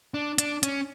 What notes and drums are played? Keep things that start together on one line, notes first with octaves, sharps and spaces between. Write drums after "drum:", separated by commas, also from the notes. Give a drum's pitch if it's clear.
D4
D4, drum: hi-hat
C#4, drum: hi-hat